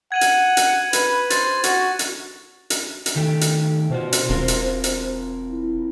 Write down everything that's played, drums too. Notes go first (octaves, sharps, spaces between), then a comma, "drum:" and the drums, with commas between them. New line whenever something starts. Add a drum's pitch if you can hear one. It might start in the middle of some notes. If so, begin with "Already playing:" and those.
F#5 G#6 D#7 F#7
drum: hi-hat
drum: hi-hat
B4, drum: hi-hat
C5 A6, drum: hi-hat
F#4, drum: hi-hat
drum: hi-hat
drum: hi-hat
drum: hi-hat
D#3 A3 G4 A4
drum: hi-hat
B2 F4 F#4 C5
drum: hi-hat
E1 C4 F4 A#4
drum: hi-hat
drum: hi-hat
E4